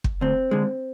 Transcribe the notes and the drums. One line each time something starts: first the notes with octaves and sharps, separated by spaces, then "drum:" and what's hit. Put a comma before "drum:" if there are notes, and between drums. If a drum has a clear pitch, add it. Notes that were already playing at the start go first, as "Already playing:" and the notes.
drum: kick
D2 C4
D3 G#3